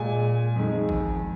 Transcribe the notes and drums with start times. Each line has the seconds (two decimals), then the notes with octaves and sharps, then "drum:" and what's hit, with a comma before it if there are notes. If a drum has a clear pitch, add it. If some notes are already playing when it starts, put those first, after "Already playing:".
Already playing: A#2 G#3 G#5
0.56 F2 D#3 G#3
0.89 drum: kick G#1